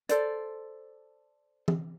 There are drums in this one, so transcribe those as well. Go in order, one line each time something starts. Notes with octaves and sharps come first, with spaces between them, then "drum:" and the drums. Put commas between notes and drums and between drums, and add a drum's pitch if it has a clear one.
A4 C5 D5, drum: hi-hat
drum: tom E3